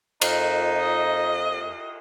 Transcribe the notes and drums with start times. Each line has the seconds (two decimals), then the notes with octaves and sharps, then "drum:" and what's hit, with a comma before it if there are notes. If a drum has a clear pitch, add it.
0.22 F2 D#4, drum: cymbal
0.79 D#5